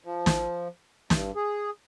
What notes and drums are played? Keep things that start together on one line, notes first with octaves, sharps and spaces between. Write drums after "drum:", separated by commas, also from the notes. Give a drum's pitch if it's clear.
F3
drum: snare
G2, drum: snare
G#4